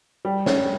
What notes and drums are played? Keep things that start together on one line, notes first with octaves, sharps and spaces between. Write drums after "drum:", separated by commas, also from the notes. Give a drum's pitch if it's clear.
G3
C#4, drum: snare